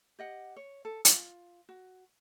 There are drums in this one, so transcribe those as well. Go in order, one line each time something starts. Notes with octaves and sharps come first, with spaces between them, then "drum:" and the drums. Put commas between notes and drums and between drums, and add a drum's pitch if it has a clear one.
G4 D#5 F#5
C#5
A4
F4, drum: hi-hat
F#4